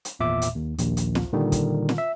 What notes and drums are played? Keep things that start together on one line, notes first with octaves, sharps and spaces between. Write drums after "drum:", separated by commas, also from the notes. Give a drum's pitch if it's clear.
drum: hi-hat
G#1 E2 A#2 E5 D6
drum: hi-hat
D#2
A#1 D#2, drum: hi-hat
drum: hi-hat
drum: snare
A#2 D3 D#3 G3
drum: kick, hi-hat
drum: snare
E5